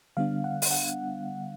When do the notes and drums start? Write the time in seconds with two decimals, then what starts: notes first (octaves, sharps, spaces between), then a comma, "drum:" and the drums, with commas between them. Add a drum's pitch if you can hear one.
0.17 D3 G3 B3 D4 F5
0.44 F#5
0.62 drum: open hi-hat
0.71 F#5